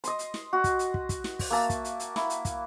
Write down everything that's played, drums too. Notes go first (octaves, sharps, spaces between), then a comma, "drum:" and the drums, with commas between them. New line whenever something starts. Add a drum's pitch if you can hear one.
D#5 C6, drum: hi-hat
drum: hi-hat
drum: snare
F#4
drum: kick, hi-hat
drum: hi-hat
drum: kick
drum: kick, hi-hat
drum: snare
drum: kick, open hi-hat
A#3 E5 A5
drum: kick, hi-hat
drum: hi-hat
drum: hi-hat
E4, drum: snare
drum: hi-hat
drum: kick, hi-hat